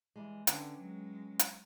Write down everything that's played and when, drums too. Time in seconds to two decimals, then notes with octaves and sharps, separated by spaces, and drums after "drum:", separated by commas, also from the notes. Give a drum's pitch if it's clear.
0.16 E3 G3 G#3
0.47 D3 C#4 B4 G5, drum: hi-hat
0.77 F#3 G#3
1.39 drum: hi-hat